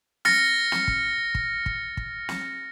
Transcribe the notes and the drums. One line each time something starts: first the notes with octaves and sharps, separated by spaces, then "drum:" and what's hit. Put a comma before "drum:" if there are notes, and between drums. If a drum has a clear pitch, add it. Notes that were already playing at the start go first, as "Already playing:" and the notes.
F6 A6 A#6 C#7, drum: snare
drum: snare
drum: kick
drum: kick
drum: kick
drum: kick
drum: snare